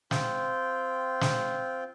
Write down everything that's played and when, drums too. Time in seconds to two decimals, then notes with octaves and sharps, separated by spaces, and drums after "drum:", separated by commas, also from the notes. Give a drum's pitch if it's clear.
0.11 C4 F4 G5, drum: snare
1.21 drum: snare